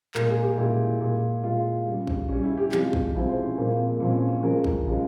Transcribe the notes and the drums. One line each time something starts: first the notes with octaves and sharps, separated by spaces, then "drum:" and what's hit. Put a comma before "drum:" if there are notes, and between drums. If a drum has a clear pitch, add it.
A#2 G#3 A#4, drum: clap
G#4
G4
A#2 G#3 E4
A#2 G#3
A#2 G#3 F4
C#3 G3
drum: kick
C#3 G3 C#4
E4
G4
C3 F3 G#3 G4, drum: clap
drum: kick
C3 F3 G#3 E4
C5
C#4
A#2 F3 G#3 A#3
C4
A#3
A#2 F3 G#3 C4
C#4
C4
C#4
C#3 F3 G#3 A#4
drum: kick
C#3 F3 G#3